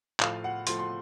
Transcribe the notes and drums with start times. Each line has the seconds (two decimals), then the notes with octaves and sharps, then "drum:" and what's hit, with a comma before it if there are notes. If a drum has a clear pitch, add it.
0.20 A2 F3 F5, drum: clap
0.44 F#5
0.67 A2 F3 C6, drum: hi-hat
0.79 C6